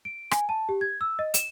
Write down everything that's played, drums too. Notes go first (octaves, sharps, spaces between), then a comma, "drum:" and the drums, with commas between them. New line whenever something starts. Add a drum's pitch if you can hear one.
D7
G#5, drum: rim click
A5
G4
G#6
E6
D#5
E7, drum: hi-hat